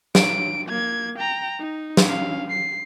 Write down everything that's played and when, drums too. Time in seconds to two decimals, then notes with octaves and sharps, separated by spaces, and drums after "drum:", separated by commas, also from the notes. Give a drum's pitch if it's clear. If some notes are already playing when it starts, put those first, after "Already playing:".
0.15 D7, drum: snare
0.68 A#3 G#6
1.18 G5 A#5
1.59 D#4
1.97 drum: snare
2.06 C#4 F5
2.50 C7